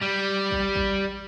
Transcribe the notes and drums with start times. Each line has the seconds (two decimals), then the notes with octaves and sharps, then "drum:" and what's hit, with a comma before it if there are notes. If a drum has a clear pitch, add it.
0.02 G3
0.51 drum: kick A1
0.76 drum: kick A1